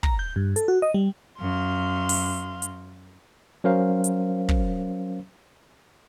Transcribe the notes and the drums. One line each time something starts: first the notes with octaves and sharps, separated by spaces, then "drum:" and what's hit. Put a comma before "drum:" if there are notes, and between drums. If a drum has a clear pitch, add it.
A#5, drum: kick
G6
G2
A4, drum: hi-hat
F#4
D#5
G3
F#2 F5 C6
drum: open hi-hat
drum: hi-hat
F#3 C#4 A#4 C5 F5
drum: hi-hat
drum: kick